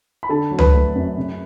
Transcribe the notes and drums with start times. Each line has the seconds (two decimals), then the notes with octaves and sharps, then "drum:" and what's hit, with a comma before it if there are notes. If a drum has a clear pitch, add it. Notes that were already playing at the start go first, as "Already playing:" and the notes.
0.23 B5
0.29 D3 A4 A5
0.51 F#3
0.59 B4 B5, drum: tom C#2
0.73 A3
0.95 F#2
1.17 C#3